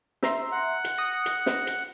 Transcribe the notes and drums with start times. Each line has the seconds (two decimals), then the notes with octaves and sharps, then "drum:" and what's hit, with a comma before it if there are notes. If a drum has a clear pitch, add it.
0.23 E5 A#5 C6, drum: snare
0.52 F#5
0.84 drum: hi-hat
0.98 D#6 A#6 C#7
1.26 drum: hi-hat
1.46 drum: snare
1.67 drum: hi-hat